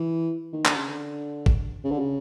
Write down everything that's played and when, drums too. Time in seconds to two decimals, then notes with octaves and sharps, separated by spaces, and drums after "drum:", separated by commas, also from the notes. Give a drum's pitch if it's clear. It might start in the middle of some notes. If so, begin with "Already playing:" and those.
Already playing: E3
0.53 D#3
0.65 D3, drum: clap
0.76 C#3
0.89 D3
1.46 drum: kick
1.84 C#3
1.91 D3
1.99 C#3